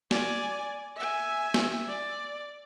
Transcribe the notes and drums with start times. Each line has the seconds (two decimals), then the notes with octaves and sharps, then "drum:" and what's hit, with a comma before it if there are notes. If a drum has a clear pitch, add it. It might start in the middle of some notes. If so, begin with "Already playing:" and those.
0.11 D5 G#5, drum: snare
0.96 E5 G#5
1.54 drum: snare
1.88 D5